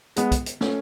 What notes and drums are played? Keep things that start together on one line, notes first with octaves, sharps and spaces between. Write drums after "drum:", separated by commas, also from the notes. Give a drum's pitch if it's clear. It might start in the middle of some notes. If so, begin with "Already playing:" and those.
G#3 B3, drum: hi-hat
drum: kick, hi-hat
drum: hi-hat
A3 C#4, drum: snare